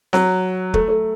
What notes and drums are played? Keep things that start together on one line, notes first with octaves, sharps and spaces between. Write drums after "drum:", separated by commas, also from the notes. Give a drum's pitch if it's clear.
F#3, drum: snare C4
A3, drum: kick
A3